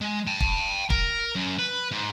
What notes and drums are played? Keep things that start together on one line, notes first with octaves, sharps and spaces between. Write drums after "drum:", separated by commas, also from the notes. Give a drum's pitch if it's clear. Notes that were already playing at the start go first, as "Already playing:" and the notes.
G#3
G5 A5
drum: kick
A#4, drum: kick
F#2
B4
G#2